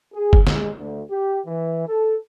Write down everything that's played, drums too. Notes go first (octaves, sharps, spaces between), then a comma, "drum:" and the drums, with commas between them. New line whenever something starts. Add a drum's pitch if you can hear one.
G#4
drum: kick
G#3, drum: snare
D2
G4
E3
A4